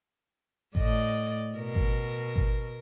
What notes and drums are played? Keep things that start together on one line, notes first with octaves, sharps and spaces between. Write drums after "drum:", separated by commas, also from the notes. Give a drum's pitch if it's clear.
A2 D5 D#5, drum: kick G#1
B2 A#4
drum: kick G#1
drum: kick G#1